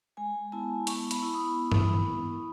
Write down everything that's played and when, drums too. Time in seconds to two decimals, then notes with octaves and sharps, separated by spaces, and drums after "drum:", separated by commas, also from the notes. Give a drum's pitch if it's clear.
0.17 G#3 G#5
0.52 B3 E4 A5
0.87 B3 C#6, drum: hi-hat
1.11 B5, drum: hi-hat
1.23 E4
1.34 D#6
1.72 drum: tom G2